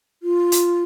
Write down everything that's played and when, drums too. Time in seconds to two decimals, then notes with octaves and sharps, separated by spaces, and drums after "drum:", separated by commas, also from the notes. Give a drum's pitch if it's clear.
0.23 F4
0.52 drum: hi-hat